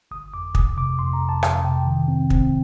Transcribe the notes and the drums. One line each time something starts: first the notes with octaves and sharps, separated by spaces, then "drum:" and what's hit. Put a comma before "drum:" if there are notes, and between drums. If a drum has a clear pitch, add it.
G1 D#6
F2 D6
F2 D#6, drum: kick
C3 D6
F2 C6
A#5
F2
A5
F2 A5, drum: rim click
C3 G5
D#3
C4
C4, drum: kick